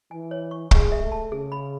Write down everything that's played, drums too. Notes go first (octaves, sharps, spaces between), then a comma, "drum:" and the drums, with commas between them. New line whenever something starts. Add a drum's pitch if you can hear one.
E3 G#5
C#5
C#6
G#3 C#6, drum: kick
E5
A3
A5
C#3 G#4
B5